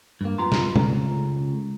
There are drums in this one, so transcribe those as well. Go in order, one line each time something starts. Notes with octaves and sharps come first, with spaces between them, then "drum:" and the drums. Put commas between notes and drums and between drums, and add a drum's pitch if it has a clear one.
G2 A#3
F#2 B3 F4 A#5 C6
drum: snare
C#2 C#3 G#3 A4 A#5, drum: tom